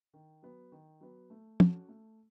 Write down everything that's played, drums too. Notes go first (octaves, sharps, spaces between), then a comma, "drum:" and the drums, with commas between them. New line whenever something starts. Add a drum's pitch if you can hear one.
D#3
F#3 B3
D#3
F#3 B3
A3
C#4 F#4 A4, drum: tom
A3